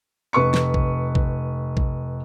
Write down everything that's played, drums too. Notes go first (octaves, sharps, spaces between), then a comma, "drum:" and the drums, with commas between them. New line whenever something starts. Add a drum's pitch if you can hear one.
F1 B4 C#6 C#7
drum: snare
drum: kick
drum: kick
drum: kick